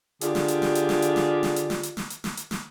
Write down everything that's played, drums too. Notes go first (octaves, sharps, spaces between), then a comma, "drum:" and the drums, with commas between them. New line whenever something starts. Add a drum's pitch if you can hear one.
D3 F4 G4 G#4 D5, drum: hi-hat
drum: snare
drum: hi-hat
drum: snare
drum: hi-hat
drum: snare
drum: hi-hat
drum: snare
drum: snare
drum: hi-hat
drum: snare
drum: hi-hat
drum: snare
drum: hi-hat
drum: snare
drum: hi-hat
drum: snare